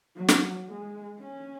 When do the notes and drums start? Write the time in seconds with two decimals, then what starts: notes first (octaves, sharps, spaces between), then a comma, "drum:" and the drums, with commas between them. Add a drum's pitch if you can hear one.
0.16 F#3
0.28 drum: snare
0.68 G#3
1.19 C#4